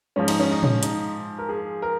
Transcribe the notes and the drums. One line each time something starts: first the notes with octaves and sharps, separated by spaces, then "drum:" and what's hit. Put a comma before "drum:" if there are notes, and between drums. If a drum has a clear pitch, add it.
G#2 F3 C#4
D#4, drum: cymbal
C#4
D#4
C#4, drum: tom
D#4, drum: hi-hat
A#4
G#4
A#4